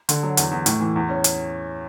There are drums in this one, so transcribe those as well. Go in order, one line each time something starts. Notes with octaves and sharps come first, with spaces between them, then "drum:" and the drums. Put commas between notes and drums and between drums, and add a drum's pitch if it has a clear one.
D3, drum: hi-hat
F#3
E2, drum: hi-hat
E2
A2, drum: hi-hat
E3
E2
C#4
drum: hi-hat